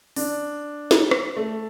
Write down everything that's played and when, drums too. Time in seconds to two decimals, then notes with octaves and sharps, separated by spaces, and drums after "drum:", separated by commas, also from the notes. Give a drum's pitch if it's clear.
0.16 D4, drum: open hi-hat
0.91 drum: snare
1.11 drum: rim click
1.36 A3